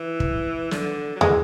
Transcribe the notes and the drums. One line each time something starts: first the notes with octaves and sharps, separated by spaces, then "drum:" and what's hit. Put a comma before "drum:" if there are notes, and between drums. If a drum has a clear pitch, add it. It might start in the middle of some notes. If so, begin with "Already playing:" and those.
Already playing: E3
drum: kick
D3, drum: snare
F#3
E3 G#3, drum: tom